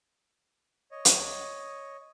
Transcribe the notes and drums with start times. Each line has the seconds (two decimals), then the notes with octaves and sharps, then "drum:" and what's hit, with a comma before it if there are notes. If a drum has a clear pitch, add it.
0.91 C#5 D#5
1.05 drum: hi-hat